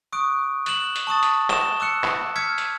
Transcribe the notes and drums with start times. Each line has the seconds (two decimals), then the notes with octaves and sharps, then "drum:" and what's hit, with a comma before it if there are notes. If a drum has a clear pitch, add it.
0.13 C#6 D#6 F#6 D7
0.66 F#6 E7 F#7, drum: hi-hat
0.96 drum: hi-hat
1.07 A5 C#6 D#6 A6
1.23 drum: hi-hat
1.50 E7 G7, drum: clap
1.80 D6 E6 F#6 C#7
2.04 drum: clap
2.36 D6 E6 F6 G#6 B6 C#7
2.58 drum: hi-hat